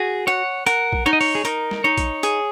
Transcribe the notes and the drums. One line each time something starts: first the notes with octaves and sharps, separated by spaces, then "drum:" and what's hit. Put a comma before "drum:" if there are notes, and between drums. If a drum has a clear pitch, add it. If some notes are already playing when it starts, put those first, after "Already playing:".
Already playing: F#4 G#4
C#5 F#5
A#4 F#5, drum: hi-hat
drum: kick
D#4 C#5
D#5
C#5, drum: open hi-hat
G#4
D#4 A#4, drum: hi-hat
drum: snare
D#4 C#5
drum: kick, hi-hat
G#4, drum: hi-hat